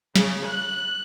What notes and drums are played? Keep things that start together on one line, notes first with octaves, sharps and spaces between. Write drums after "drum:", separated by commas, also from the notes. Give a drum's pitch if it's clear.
C#3, drum: snare
F#6